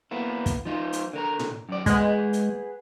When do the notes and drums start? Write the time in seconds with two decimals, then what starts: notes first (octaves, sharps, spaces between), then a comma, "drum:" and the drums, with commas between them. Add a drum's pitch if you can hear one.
0.11 A#3 B3 E4
0.46 drum: kick, hi-hat
0.65 F3 D#4 F4
0.93 drum: hi-hat
1.13 D3 A#4 A#5
1.39 drum: tom A2
1.69 F#2 D5
1.86 G#3 G#4 B4 F#5, drum: kick, hi-hat
2.33 drum: hi-hat